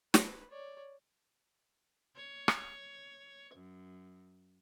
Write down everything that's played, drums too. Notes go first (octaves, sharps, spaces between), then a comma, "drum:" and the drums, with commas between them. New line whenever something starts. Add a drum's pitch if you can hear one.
B4, drum: snare
C#5 D5
C#5
drum: rim click
F#2